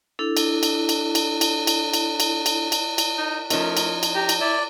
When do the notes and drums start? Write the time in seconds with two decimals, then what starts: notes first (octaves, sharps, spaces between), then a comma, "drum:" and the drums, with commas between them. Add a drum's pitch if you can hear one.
0.19 D4 E4 A4
0.37 drum: cymbal
0.63 drum: cymbal
0.89 drum: cymbal
1.15 drum: cymbal
1.41 drum: cymbal
1.67 drum: cymbal
1.94 drum: cymbal
2.20 drum: cymbal
2.46 drum: cymbal
2.72 drum: cymbal
2.98 drum: cymbal
3.18 D#4
3.50 F3 A3 C#4 D#4 A#4, drum: cymbal
3.77 drum: cymbal
4.03 drum: cymbal
4.15 G4 A#5
4.29 drum: cymbal
4.40 E4 D5